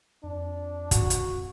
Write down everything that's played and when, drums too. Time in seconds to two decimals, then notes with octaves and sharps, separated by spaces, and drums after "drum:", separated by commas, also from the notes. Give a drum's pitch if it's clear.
0.24 F2 D4
0.91 F#4, drum: kick, hi-hat
1.10 drum: hi-hat